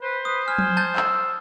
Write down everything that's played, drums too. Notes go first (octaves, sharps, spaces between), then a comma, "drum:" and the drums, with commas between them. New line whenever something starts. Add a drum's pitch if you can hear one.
B4 C5
B4 D#6
G#5 F6
drum: tom F3
A5 G6 A6
E6, drum: clap